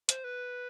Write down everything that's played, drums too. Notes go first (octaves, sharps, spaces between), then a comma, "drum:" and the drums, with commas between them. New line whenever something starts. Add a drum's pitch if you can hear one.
C5, drum: hi-hat
B4